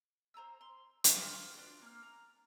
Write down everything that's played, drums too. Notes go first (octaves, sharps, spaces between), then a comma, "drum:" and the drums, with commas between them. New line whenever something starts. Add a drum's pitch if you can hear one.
C5 A#5 C6 E6
C6
drum: hi-hat
A#4 G5 C6 F6
D4 F4 F#4
A#3 F6
A#5